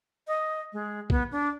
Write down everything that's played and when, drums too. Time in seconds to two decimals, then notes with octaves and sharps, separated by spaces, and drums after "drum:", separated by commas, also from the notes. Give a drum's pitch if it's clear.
0.28 D#5
0.73 G#3
1.10 B3, drum: kick B1
1.32 D4